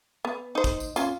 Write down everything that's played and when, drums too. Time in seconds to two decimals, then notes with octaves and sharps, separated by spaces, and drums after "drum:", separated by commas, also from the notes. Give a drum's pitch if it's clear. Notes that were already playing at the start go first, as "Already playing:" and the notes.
0.25 B3
0.55 D#4 C5
0.64 drum: kick, tambourine
0.80 drum: tambourine
0.96 C#4 F4, drum: tambourine